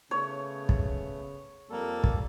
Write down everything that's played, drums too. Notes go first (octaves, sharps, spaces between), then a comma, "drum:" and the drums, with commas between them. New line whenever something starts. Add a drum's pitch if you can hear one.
C#3 A3 B3 C#5
drum: kick
F2 G3 A#3 A4
drum: kick